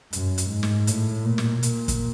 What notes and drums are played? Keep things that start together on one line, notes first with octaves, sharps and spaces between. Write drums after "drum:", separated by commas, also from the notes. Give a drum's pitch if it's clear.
F#2, drum: hi-hat
drum: hi-hat
G#2
drum: snare
A2, drum: hi-hat
A#2
drum: snare
A#2, drum: hi-hat
drum: kick, hi-hat